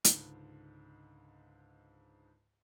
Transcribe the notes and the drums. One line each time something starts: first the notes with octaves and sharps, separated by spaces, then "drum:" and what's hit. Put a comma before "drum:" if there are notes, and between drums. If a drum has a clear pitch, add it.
C#2 G#2 D3, drum: hi-hat